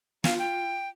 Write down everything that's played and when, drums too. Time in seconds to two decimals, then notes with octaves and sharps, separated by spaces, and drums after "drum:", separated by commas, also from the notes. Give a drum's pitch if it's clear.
0.24 F4 F5, drum: snare
0.39 G5